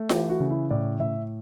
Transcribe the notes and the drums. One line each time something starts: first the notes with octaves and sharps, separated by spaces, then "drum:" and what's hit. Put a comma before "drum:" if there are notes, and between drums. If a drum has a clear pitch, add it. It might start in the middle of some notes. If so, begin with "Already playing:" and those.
Already playing: A3
E3 G4, drum: snare F4
F#4
C#3
E4
A2 D5
A2 E5